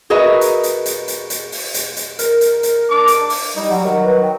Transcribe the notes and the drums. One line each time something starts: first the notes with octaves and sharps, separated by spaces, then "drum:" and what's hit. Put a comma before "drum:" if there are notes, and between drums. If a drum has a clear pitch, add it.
F#4 G#4 A#4 B4 D#5 E5
drum: hi-hat
drum: hi-hat
drum: hi-hat
drum: hi-hat
drum: hi-hat
drum: open hi-hat
drum: hi-hat
drum: hi-hat
A#4, drum: hi-hat
drum: hi-hat
drum: hi-hat
D4 D6
drum: hi-hat
drum: open hi-hat
G3 D#4
F#3 G3 F#5
D#3 F#3
B4
G5